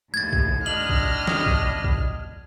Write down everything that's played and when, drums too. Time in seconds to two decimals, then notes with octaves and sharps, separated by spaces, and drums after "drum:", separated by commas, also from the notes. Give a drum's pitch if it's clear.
0.14 D#2 A2 G#6 A6
0.33 drum: kick
0.66 A2 D4 D#5 F6 F#7
0.90 drum: kick
1.27 drum: snare
1.46 drum: kick
1.84 drum: kick